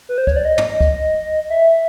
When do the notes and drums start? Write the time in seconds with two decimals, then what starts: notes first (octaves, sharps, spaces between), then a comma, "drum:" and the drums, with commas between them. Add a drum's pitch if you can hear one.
0.09 B4
0.18 C5
0.27 C#5, drum: kick C#2
0.36 D5
0.45 D#5
0.58 drum: tom
0.81 drum: kick C#2
1.50 E5